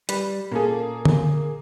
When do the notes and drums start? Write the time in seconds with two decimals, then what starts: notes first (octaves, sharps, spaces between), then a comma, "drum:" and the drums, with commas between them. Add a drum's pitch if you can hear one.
0.09 G3 B4, drum: hi-hat
0.51 A#2 A#3 C#4 G#4 A4
1.05 drum: tom D3